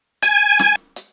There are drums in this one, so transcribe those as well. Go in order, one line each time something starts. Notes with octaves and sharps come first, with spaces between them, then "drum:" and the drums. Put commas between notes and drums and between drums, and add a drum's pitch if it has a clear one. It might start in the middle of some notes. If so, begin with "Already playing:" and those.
G#5, drum: hi-hat
drum: snare
drum: hi-hat